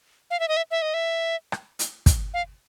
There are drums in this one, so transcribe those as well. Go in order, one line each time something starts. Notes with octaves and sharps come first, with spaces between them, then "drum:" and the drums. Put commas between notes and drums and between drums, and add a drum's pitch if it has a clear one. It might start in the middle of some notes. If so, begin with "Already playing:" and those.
F5
E5
D#5
E5
E5
D#5
E5
drum: rim click
drum: hi-hat
drum: kick, hi-hat
F5